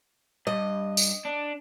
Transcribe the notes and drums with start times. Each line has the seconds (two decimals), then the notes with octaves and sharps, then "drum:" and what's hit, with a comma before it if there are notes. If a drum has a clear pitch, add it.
0.47 G2 D#5
0.97 drum: tambourine
1.25 D4